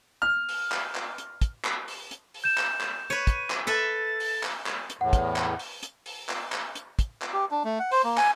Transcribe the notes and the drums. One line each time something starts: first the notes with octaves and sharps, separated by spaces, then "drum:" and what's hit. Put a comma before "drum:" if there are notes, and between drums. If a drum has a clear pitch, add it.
F6
drum: open hi-hat
drum: clap
drum: clap
drum: hi-hat
drum: kick, hi-hat
drum: clap
drum: open hi-hat
drum: hi-hat
drum: open hi-hat
G6 E7
drum: clap
drum: clap
B4 C#5 D#7
drum: kick, hi-hat
drum: clap
A4 B4 E5 A6
drum: open hi-hat
drum: clap
drum: clap
drum: hi-hat
E2 A2 F#5
drum: kick, hi-hat
drum: clap
drum: open hi-hat
drum: hi-hat
drum: open hi-hat
drum: clap
drum: clap
drum: hi-hat
drum: kick, hi-hat
drum: clap
G4
D4
A3
F#5
C5, drum: open hi-hat
A#3
G#5, drum: clap